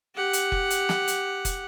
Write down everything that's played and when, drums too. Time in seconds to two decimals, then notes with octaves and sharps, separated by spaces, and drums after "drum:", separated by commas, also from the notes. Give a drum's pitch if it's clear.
0.15 G4 F#5
0.33 drum: hi-hat
0.52 drum: kick F1
0.70 drum: hi-hat
0.89 drum: snare
1.08 drum: hi-hat
1.45 drum: kick F1, hi-hat